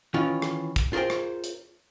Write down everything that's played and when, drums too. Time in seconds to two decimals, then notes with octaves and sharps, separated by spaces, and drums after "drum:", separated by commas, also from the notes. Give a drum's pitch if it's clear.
0.14 D#3 E3 C#4 F4
0.42 drum: rim click
0.76 drum: kick, hi-hat
0.93 F4 G#4 A#4 C5 G5
1.10 drum: rim click
1.44 drum: hi-hat